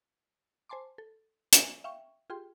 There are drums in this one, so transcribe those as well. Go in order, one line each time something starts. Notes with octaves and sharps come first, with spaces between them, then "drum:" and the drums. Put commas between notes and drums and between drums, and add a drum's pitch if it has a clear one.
C5 G#5 A5 C6 D6
A4
drum: hi-hat
E5 F5 G5 C#6
F4 G4 G#4 G5 C6